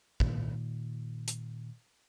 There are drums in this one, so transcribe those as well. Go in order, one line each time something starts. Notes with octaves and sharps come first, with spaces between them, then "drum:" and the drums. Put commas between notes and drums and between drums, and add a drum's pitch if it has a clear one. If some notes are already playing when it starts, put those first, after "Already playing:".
A#2 D#3, drum: kick
drum: hi-hat